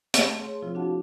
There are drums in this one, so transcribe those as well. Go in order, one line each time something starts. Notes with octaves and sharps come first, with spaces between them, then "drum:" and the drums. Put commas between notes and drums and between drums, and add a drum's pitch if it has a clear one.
A3 A5 C6 C#6 G#6, drum: hi-hat
G#4 C#5 C6
C3 F3 C4 F4
D4 E4 F#4 F5 F#5 A5